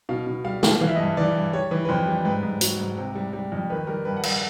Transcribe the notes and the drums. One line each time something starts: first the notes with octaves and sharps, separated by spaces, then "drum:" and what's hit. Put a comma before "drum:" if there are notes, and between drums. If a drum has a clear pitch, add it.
B2 F5
B2
G3 F5
G3, drum: snare
E3 F5
E5
D#5
G2 E5
E3 D5
G2
G3 C#5
E3
B4
F2 C5
G3
G#2 B4
G#2
F#3, drum: hi-hat
G#2
C3
G3
G3
F2
D#3 B4
G3 A#4
G2 B4
F#5
G2 F5, drum: cymbal